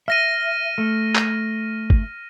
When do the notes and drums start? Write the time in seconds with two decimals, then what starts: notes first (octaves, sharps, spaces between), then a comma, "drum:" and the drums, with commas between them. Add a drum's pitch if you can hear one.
0.08 E5 F6 A#6 D#7
0.78 A3
1.15 drum: clap
1.90 drum: kick